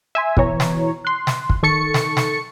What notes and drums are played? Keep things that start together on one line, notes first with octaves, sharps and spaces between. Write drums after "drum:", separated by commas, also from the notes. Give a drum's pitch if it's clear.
E5 G#5 C6
B2 E3 C#5 A#5, drum: kick
drum: snare
C6 F#6
drum: snare
drum: kick
D#3 A4 C#6 A6 C#7
drum: snare
drum: snare